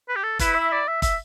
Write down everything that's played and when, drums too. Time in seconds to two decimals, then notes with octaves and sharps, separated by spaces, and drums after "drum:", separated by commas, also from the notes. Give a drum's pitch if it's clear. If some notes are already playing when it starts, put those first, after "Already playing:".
0.08 B4
0.16 G4
0.23 A4
0.39 E4 B4, drum: kick, hi-hat
0.55 E5
0.72 D5
0.88 E5
1.02 E5, drum: kick, hi-hat